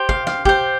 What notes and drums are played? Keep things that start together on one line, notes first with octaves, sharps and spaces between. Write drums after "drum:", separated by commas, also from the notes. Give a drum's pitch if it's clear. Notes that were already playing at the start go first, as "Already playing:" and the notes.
Already playing: G4 C5
F5, drum: kick
F5, drum: snare
G4 C5, drum: kick